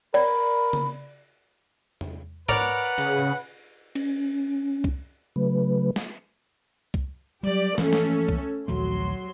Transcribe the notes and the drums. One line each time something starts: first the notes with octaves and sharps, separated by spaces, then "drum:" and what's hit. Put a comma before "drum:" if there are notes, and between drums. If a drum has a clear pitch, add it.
A#4 D5 B5, drum: cymbal
drum: tom C#3
drum: tom E2
A#4 B4 C#5 D5 F#5, drum: tom G#2
C#3, drum: cymbal
C#4, drum: cymbal
drum: kick
C#3 F#3 A3 B4
drum: snare
drum: kick
F#3 G3 G4 D5
E3 F3 A3 A#3 C#4 A4, drum: snare
drum: snare
drum: kick
A#1 D#2 F#3 A3 C6